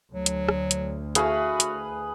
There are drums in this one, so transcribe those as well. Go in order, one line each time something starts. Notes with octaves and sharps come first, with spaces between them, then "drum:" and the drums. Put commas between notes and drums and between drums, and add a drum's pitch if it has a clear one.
D2 F#3
drum: hi-hat
drum: rim click
drum: hi-hat
A3 E4 F#4 G#4 B4 F5, drum: hi-hat
drum: hi-hat